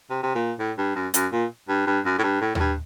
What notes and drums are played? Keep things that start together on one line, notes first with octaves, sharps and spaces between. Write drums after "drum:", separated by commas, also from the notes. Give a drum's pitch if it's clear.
C3
C3
A#2
A2
G2
F#2
F#2, drum: hi-hat
A#2
G2
G2
F#2
A2
G2
A2
A2, drum: tom D#2
G2